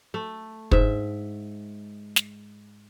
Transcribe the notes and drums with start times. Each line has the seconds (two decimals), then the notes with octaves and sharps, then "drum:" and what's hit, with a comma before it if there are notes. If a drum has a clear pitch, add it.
0.14 A3
0.71 G#2 E5, drum: kick
2.16 drum: snare